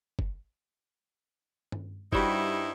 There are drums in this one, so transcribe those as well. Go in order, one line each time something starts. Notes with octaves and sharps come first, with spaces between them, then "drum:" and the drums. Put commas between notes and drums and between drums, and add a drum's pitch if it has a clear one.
drum: kick
drum: tom G2
G2 G3 D#4 E4 F#4 C5, drum: kick